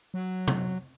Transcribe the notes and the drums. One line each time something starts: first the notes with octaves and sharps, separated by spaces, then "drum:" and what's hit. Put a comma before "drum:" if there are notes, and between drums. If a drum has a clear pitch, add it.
F#3
drum: tom C3